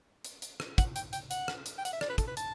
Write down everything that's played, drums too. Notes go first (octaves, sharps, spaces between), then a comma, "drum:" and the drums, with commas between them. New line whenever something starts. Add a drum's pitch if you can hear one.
drum: hi-hat
drum: hi-hat
drum: rim click
F#5, drum: kick, hi-hat
G5, drum: hi-hat
G5, drum: hi-hat
F#5, drum: hi-hat
drum: rim click
drum: hi-hat
G5
F#5, drum: hi-hat
E5
D5, drum: rim click
B4
A4, drum: kick, hi-hat
B4
A5, drum: hi-hat